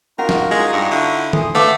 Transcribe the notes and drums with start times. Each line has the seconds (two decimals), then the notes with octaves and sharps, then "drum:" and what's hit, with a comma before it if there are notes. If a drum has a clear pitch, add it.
0.19 C#4 D#4 F4 F#4 A#4 F#5
0.29 drum: snare
0.51 G#3 E4
0.73 G2
0.91 D3 E4 C#6
1.33 A4 G#5 C6 D#6, drum: tom D#3
1.55 A3 D4 B4 F5 F#5 D6